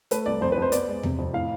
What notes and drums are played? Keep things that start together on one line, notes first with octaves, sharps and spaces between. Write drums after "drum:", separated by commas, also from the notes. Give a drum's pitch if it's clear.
A3 B4, drum: hi-hat
C2 D5
F2 C5
B4
F2 C5
B3 D5, drum: hi-hat
G#3
C3, drum: tom E2
F2
A2 F5